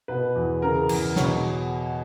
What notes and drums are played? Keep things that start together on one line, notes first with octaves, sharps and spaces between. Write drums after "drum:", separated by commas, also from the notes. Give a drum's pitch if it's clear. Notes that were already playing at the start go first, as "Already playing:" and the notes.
B2 B4
E2
C#3 A#4
E2, drum: cymbal
B2 C#5, drum: snare